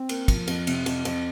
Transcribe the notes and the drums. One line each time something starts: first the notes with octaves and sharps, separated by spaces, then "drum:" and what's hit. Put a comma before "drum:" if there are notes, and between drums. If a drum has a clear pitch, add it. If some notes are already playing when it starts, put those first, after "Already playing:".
Already playing: C4
A#3, drum: cymbal
F3, drum: kick, cymbal
F2, drum: cymbal
C3, drum: cymbal
F2, drum: cymbal
F2, drum: cymbal